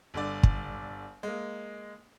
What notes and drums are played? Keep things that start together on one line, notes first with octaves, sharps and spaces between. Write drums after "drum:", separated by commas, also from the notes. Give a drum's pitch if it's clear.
G1 D3 D5
drum: kick
G#3 A#3